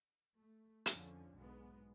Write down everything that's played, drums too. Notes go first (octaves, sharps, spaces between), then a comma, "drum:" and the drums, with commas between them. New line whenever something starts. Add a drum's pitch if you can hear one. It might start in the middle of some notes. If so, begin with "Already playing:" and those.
A3
F2 G#2 D3 F3 C#4, drum: hi-hat
B1 G#2 G#3 B3